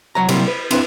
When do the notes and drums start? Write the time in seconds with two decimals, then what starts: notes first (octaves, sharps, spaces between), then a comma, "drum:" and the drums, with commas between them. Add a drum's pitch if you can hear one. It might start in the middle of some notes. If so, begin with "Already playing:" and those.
0.15 C2 F#3 C#5 A#5
0.29 C3 F#3 G3 A#3 C4 E4, drum: cymbal
0.48 B4
0.71 C4 D4 E4 B4 C5, drum: cymbal